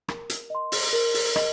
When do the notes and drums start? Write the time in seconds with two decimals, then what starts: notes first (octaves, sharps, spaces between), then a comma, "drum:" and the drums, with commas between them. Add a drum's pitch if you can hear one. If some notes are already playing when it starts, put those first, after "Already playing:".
0.08 A#4, drum: rim click
0.30 drum: hi-hat
0.50 D#5 C6
0.72 drum: open hi-hat
0.93 A#4
1.14 drum: open hi-hat
1.36 D#5, drum: rim click